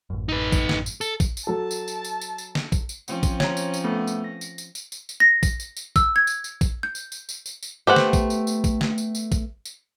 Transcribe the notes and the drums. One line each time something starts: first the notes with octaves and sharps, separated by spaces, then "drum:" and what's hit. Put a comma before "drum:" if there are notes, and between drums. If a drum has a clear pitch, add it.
A1 F#2
D#4 B4
drum: kick A#1, tambourine
drum: snare
drum: tambourine
A4, drum: tambourine
drum: kick A#1, tambourine
drum: tambourine
F#3 A4 A5
drum: tambourine
drum: tambourine
drum: tambourine
drum: tambourine
drum: tambourine
drum: snare
drum: kick A#1, tambourine
drum: tambourine
F3 C4 C#4, drum: tambourine
drum: kick A#1, tambourine
C#5 A#5, drum: snare
drum: tambourine
drum: tambourine
A3 B3 A4
drum: tambourine
A#6
drum: tambourine
drum: tambourine
drum: tambourine
drum: tambourine
drum: tambourine
A#6
drum: kick A#1, tambourine
drum: tambourine
drum: tambourine
E6, drum: kick A#1, tambourine
G#6
drum: tambourine
drum: tambourine
drum: kick A#1, tambourine
G6
drum: tambourine
drum: tambourine
drum: tambourine
drum: tambourine
drum: tambourine
A3 B3 G4 C5 F#5
drum: snare
drum: kick A#1, tambourine
drum: tambourine
drum: tambourine
drum: kick A#1, tambourine
drum: snare
drum: tambourine
drum: tambourine
drum: kick A#1, tambourine
drum: tambourine